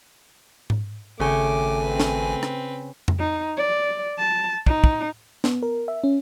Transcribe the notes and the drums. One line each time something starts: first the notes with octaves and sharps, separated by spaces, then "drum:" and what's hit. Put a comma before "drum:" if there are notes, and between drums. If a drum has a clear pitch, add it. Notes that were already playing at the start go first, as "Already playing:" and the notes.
drum: tom G#2
G#1 C#3 A3 C#5 G5 G#5 D6
C4 B4
drum: snare
drum: rim click
drum: tom F2
D#4
D5
A5
D#4, drum: kick
drum: kick
B3, drum: snare
A#4
E5
C#4